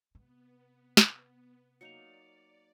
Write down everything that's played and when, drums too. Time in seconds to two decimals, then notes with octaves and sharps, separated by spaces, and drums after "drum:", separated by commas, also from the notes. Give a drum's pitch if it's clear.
0.15 C3 B3
0.97 drum: snare
1.81 F#3 A#3 D#4 D5 C#7 F7